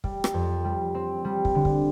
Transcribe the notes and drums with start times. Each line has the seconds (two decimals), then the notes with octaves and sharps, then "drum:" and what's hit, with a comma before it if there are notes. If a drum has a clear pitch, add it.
0.04 G3, drum: kick
0.24 drum: rim click
0.34 F2
0.64 G3
0.95 C4
1.25 G3
1.45 drum: kick
1.55 D3
1.65 drum: kick